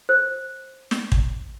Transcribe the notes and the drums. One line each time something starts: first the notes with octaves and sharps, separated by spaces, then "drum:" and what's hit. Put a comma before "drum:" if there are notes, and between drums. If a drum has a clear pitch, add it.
C5
drum: snare
drum: kick